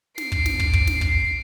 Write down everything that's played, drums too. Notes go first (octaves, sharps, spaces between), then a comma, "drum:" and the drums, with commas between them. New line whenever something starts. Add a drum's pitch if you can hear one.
C7 D7, drum: snare
drum: kick
drum: snare
drum: kick
drum: kick
drum: snare
drum: kick